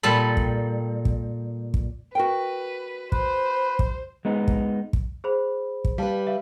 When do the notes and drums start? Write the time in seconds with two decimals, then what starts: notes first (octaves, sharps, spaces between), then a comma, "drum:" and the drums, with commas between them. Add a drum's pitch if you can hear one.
0.03 A#2 G3 A#3 A4 A5 B5
0.37 drum: kick
1.05 drum: kick
1.74 drum: kick
2.15 F#4 A#4 B4 G5
3.12 B4 C5, drum: kick
3.79 drum: kick
4.25 G#3 B3 D#4
4.48 drum: kick
4.93 drum: kick
5.24 G#4 C5 B5
5.85 drum: kick
5.98 G3 B4 F5 A5
6.27 E5 F5